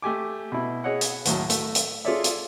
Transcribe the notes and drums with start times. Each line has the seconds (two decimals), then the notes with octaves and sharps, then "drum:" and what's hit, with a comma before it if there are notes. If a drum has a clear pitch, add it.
0.02 A3 G4 G#5 D6
0.52 B2 E4
0.84 G#4 C#5 D#5 F#5
1.01 drum: hi-hat
1.25 D#2 A2 F#3, drum: hi-hat
1.50 A3, drum: hi-hat
1.75 drum: hi-hat
2.05 F4 G#4 A4 C#5 D5 E5
2.24 drum: hi-hat